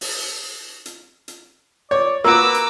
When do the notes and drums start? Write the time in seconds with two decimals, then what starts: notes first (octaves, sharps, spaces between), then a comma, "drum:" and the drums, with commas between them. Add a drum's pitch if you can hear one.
0.01 drum: open hi-hat
0.86 drum: hi-hat
1.28 drum: hi-hat
1.91 C#5 D5
2.24 A#3 F#4 A#4 B4 D6 E6
2.55 drum: hi-hat